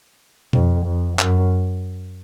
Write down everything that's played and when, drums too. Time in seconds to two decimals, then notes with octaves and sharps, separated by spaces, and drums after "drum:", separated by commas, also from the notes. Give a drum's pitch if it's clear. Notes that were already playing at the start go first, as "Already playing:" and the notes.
0.53 F2, drum: tom B2
0.87 F2
1.19 F#2, drum: clap